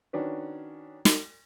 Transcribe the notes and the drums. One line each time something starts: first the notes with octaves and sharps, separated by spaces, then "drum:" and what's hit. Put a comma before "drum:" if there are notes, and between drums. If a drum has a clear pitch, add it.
D#3 C#4 D4 F#4 B4
drum: snare